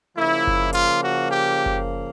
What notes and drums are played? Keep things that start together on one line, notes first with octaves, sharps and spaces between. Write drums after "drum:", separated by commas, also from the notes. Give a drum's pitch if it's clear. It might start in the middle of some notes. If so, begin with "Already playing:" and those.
C#3 F3 A#3 E4
drum: kick F#1
F4, drum: hi-hat
F#4
G4
drum: kick F#1